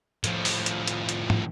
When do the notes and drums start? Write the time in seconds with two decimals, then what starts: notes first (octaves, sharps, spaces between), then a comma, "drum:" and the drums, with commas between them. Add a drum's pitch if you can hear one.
0.24 A2 F3, drum: hi-hat
0.45 drum: open hi-hat
0.66 drum: hi-hat
0.87 drum: hi-hat
1.09 drum: hi-hat
1.30 drum: tom